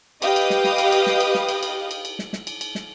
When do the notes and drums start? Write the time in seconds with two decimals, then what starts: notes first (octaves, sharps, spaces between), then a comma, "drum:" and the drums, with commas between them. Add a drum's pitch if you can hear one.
0.22 G4 B4 D#5 F5 G5 D#6, drum: cymbal
0.36 drum: cymbal
0.50 drum: snare
0.64 drum: snare
0.78 drum: cymbal
0.92 drum: cymbal
1.06 drum: snare
1.20 drum: cymbal
1.35 drum: snare
1.49 drum: cymbal
1.63 drum: cymbal
1.91 drum: cymbal
2.05 drum: cymbal
2.19 drum: snare
2.33 drum: snare
2.47 drum: cymbal
2.61 drum: cymbal
2.75 drum: snare